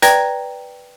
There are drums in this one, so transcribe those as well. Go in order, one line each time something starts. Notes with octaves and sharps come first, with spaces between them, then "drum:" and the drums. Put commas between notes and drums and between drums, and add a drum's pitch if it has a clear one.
B4 D5 G5 A#5 G#6 A#6, drum: hi-hat